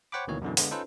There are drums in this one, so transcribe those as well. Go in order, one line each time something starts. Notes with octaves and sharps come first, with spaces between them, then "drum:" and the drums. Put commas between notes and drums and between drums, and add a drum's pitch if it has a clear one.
C5 C#5 F#5 G5 B5 D6
D2 B2 D#3 E3 A#3 C#5
F#2 B2 D3 E3
D3 G#3 B3, drum: open hi-hat
C#4 D#4 F4 A4 B4 C5